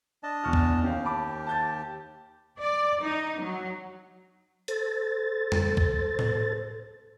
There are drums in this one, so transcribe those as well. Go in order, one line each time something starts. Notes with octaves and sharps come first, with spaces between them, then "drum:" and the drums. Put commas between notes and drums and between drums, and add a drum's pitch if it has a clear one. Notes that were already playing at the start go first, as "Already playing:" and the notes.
D4 D#5 A5
E2 C#6 F6
drum: kick
D#2 C#4 G4 F5
A5 B5 D6
A5 G6 A6
D5
D#4
F#3
A4 C5 A6, drum: hi-hat
drum: tom
drum: kick
drum: tom A2